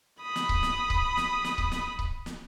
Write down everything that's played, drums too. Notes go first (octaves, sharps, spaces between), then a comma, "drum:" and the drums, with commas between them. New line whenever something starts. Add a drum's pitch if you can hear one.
B5 D#6
drum: snare
drum: kick C#1
drum: snare
drum: kick C#1
drum: snare
drum: snare
drum: kick C#1
drum: snare
drum: kick C#1
drum: snare